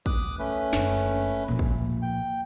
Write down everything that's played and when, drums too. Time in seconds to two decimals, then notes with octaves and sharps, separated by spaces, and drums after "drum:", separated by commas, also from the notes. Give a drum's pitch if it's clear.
0.06 D6 D#6 F#6, drum: kick
0.39 A3 C#4 B4
0.73 F#1 D3, drum: snare
1.48 A#2 F3
1.59 drum: kick
2.02 G5